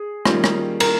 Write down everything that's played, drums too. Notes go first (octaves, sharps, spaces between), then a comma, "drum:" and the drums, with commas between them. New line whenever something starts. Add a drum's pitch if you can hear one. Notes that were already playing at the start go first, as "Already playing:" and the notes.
Already playing: G#4
D#3 G3 A#3 C#4 F4, drum: rim click
drum: rim click
A#4, drum: cymbal